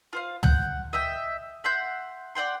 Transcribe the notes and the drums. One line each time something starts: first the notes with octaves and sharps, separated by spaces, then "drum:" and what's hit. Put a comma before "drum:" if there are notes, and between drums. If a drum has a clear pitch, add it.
F4 C5 F5
F#5 F#6 G6, drum: tom
D#5 E5 G5
E5 F#5 C6 G6
D5 F#5 G5 C6